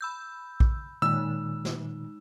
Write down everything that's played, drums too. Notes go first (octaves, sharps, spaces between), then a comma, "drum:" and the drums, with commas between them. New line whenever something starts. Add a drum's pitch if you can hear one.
B5 E6 G6
drum: kick A#1
A#2 D#3 G#3 D#4 E6
drum: snare